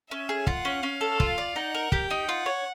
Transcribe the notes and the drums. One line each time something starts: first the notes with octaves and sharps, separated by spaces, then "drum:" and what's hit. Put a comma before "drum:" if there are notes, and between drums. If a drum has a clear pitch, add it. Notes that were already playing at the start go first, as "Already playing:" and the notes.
C#4 E5
G#4
F4 F#5, drum: kick
C#4
C#4 F5
A4
F4, drum: kick
D5
D#4 F#5
A#4
G4 G5, drum: kick
D#4
F4 F#5
C#5